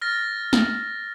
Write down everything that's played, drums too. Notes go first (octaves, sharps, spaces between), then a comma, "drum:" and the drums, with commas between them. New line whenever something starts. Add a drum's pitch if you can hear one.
F6 A6 A#6
drum: snare